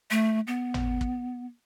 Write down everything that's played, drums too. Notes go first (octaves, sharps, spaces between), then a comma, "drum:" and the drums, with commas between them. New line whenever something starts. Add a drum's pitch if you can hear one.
A3
B3
drum: tom
drum: kick